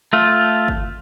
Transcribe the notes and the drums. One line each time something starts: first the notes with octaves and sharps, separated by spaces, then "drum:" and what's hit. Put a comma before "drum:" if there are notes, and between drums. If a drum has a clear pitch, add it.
A3 F4
drum: kick